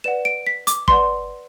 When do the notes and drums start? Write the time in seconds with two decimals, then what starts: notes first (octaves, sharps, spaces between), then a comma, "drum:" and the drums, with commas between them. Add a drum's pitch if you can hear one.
0.04 B4 D5 F#5 E7
0.25 D7
0.47 B6
0.67 D6, drum: hi-hat
0.88 B4 D5 F#5 C6, drum: kick